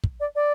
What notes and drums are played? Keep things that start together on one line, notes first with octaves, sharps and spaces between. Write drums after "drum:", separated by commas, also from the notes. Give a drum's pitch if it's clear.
drum: kick
D5
D5